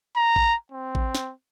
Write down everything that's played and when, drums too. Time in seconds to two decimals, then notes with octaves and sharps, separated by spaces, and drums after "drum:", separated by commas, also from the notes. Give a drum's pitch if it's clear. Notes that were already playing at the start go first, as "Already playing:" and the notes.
0.16 A#5
0.36 drum: kick A1
0.72 C4
0.95 drum: kick A1
1.15 drum: snare